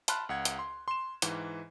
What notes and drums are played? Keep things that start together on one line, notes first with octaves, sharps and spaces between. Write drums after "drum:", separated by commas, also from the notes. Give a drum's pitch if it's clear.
A5 B5 C6 F6 F#6, drum: hi-hat
C#2 F#5 G#6
drum: hi-hat
C6
C6 E7
G#2 E3, drum: hi-hat